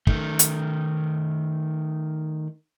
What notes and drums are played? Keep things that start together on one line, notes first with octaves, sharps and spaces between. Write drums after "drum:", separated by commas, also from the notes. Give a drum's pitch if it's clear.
D#3 A3, drum: kick
drum: hi-hat